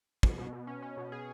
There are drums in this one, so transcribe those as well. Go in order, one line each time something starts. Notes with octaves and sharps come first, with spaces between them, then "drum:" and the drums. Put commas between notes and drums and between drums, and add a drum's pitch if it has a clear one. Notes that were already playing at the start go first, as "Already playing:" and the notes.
B2, drum: kick
B2
B2
C#4
C#4
B2
G#4